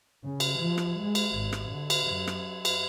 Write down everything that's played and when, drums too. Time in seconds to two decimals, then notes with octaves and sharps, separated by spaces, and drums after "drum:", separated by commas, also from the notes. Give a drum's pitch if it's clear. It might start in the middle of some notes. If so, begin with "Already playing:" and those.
0.22 C#3
0.40 drum: cymbal
0.58 F3
0.78 drum: rim click
0.99 G#3
1.15 drum: cymbal
1.34 G#1
1.53 drum: rim click
1.71 D3
1.90 drum: cymbal
2.06 F#2
2.27 drum: rim click
2.65 drum: cymbal